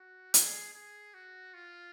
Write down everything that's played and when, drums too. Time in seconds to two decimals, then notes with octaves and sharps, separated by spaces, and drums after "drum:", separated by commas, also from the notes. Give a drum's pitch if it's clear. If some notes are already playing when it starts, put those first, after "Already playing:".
Already playing: F#4
0.34 G#4, drum: hi-hat
0.74 G#4
1.14 F#4
1.54 F4